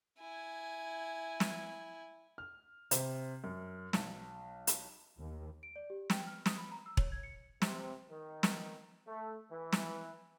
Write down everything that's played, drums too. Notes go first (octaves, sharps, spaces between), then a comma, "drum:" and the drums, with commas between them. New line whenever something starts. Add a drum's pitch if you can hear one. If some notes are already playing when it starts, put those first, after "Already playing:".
E4 G#5
drum: snare
F6
C3, drum: hi-hat
F#2
B1, drum: snare
drum: hi-hat
D#2
D7
D5
G4
G5, drum: snare
F6
D#6, drum: snare
B5
A#5
E6
C#5, drum: kick E1
G#6
C#7
C3, drum: snare
D#3
drum: snare
A3
E3
drum: snare